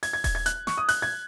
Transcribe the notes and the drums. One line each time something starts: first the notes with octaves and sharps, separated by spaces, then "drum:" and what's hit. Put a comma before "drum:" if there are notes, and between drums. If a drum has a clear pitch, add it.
G#6, drum: open hi-hat
G#6
G#6, drum: kick D#1, open hi-hat
G#6
F#6, drum: hi-hat
C#6, drum: snare
D#6
F#6, drum: open hi-hat
G#6